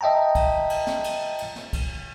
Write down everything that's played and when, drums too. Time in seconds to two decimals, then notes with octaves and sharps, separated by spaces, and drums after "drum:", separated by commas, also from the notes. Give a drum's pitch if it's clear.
0.01 D#5 E5 G5 A5 A#5
0.35 drum: kick, cymbal
0.70 drum: cymbal
0.87 drum: snare
1.04 drum: cymbal
1.39 drum: cymbal
1.56 drum: snare
1.73 drum: kick, cymbal